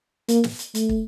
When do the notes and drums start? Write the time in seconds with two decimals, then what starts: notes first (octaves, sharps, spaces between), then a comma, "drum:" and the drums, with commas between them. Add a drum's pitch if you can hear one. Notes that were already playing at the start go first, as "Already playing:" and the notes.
0.28 A#3, drum: hi-hat
0.44 drum: snare
0.59 drum: hi-hat
0.75 A3, drum: hi-hat
0.89 drum: kick